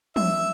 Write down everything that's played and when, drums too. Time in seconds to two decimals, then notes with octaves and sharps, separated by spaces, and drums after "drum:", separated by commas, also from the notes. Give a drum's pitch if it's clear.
0.16 E5, drum: tom